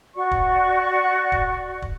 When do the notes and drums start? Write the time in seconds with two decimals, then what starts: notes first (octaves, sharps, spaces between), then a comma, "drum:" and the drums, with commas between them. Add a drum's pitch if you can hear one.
0.15 F#4 D5 C#6
0.31 drum: kick
1.32 drum: kick
1.82 drum: kick